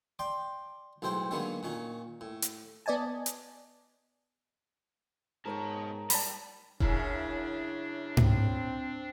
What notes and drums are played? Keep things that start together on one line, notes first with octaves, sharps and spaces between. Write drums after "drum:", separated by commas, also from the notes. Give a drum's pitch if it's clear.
D5 G5 C6
B1 A2 G#3 C5 G5
D3 D#3 F#3 G#3 A#3 B3
A#2 D#3 C#4
A2
drum: hi-hat
B3 D5 D#5 G#5 A5
drum: hi-hat
G#2 B2 A#4 C#5 G5 A5
G3 D5 A5 B5, drum: open hi-hat
F#2 C#3 D4 E4, drum: kick E1
C4, drum: tom G#2